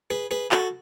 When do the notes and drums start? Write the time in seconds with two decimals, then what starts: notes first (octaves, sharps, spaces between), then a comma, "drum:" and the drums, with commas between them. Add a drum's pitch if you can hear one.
0.10 G#4 B4
0.31 G#4 B4
0.52 F#4 A4, drum: clap